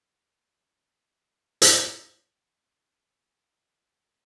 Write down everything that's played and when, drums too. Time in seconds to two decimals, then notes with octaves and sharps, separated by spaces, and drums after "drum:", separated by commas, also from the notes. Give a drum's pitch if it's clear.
0.19 D#4 E4 E5 F#5 G#5
1.62 drum: hi-hat
2.52 E2
2.74 C#3
2.92 D4
3.06 D#4
3.21 F#3
3.34 E2
3.48 D#4
3.65 D#3
3.81 F#4
3.94 G#3
4.09 B3